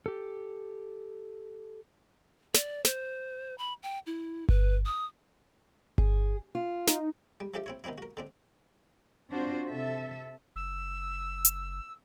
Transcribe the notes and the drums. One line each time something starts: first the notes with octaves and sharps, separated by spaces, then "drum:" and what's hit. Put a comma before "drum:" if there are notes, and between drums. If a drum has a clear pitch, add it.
G4 A4
D5, drum: snare
C5, drum: snare
B5
G5
E4
B4, drum: kick G1
D#6
G#4, drum: kick G1
F4
D#4, drum: snare
G3
F3 D4 G4 A4 D5 E5
C4 E4 C#5
D#3 B3 C4 D4 E4
F#4 A#4
D3 C4 D4
C4 D4 F4 F#4 C5
C3 A4 E5
F#1 E6
drum: hi-hat